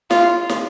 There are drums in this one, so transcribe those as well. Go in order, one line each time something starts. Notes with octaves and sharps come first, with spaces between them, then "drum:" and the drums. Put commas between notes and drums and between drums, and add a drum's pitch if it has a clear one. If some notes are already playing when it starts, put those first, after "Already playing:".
F4, drum: snare
drum: snare